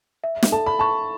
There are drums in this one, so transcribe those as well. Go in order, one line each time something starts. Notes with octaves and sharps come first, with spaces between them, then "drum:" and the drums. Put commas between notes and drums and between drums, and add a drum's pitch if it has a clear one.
E5
drum: snare
A4 A5
B5
A5 C#6